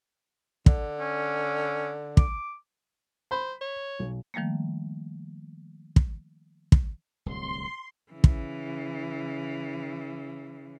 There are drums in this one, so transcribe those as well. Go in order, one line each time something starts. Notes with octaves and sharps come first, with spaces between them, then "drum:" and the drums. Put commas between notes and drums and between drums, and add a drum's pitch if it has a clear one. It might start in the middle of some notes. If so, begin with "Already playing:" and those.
D3, drum: kick
C#4
D6, drum: kick
C5 B5
C#5
B1
D#3 F3 G3 A3 A#3
drum: kick
drum: kick
D1 C2 C6
C#3 E3
drum: kick